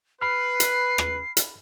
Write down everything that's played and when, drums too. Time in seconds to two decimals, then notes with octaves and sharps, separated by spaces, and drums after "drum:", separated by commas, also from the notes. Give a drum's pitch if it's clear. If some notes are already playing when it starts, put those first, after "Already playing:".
0.21 B4 B5 F6 C7
0.60 drum: hi-hat
0.98 drum: rim click
1.37 drum: hi-hat